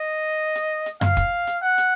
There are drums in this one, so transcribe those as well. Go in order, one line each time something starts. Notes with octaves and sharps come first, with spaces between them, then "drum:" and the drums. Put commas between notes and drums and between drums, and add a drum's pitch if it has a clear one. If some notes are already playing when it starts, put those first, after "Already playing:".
Already playing: D#5
drum: hi-hat
drum: hi-hat
F5, drum: tom F#2
drum: kick, hi-hat
drum: hi-hat
F#5
drum: hi-hat